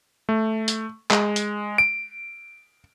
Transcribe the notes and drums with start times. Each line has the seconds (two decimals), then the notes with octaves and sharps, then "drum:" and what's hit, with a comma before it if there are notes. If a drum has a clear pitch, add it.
0.29 A3
0.68 drum: hi-hat
1.11 G#3, drum: clap
1.36 drum: hi-hat
1.78 D7